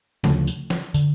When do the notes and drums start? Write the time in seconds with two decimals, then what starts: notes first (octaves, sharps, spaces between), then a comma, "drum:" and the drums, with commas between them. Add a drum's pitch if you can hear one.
0.24 D2 C#3 F3 A3, drum: snare
0.47 drum: tambourine
0.70 drum: snare
0.94 D3, drum: tambourine